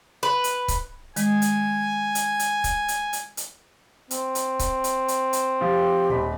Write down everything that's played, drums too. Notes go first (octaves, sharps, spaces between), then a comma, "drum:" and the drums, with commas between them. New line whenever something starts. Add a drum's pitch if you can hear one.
B4
drum: hi-hat
drum: kick C#1, hi-hat
D#3 G#3 G#5, drum: hi-hat
drum: hi-hat
drum: hi-hat
drum: hi-hat
drum: kick C#1, hi-hat
drum: hi-hat
drum: hi-hat
drum: hi-hat
C4, drum: hi-hat
drum: hi-hat
drum: kick C#1, hi-hat
drum: hi-hat
drum: hi-hat
drum: hi-hat
F3 G4
D#1 B5